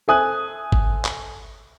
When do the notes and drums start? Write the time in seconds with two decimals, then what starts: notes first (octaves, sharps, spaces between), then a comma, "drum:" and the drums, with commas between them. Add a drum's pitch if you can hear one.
0.08 A4 C5 E5 G#5 D#6 F#6
0.72 drum: kick G#1
1.05 drum: clap